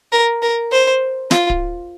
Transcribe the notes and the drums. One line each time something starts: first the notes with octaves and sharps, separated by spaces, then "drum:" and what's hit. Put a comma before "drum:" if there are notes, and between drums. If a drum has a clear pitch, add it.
A#4
A#4
C5
F4, drum: snare
drum: kick D1